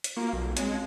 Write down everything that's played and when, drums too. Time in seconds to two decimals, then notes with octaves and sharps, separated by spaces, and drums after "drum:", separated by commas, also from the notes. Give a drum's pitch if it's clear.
0.04 drum: hi-hat
0.17 A#3 F4 F#4
0.33 B1
0.57 G#3 C4 C#5, drum: hi-hat
0.71 C#4 F5